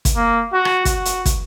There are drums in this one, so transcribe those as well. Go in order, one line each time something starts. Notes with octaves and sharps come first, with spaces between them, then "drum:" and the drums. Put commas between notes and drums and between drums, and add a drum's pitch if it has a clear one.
drum: kick, hi-hat
A#3
F#4
drum: rim click
F#4, drum: kick, hi-hat
drum: hi-hat
drum: kick, hi-hat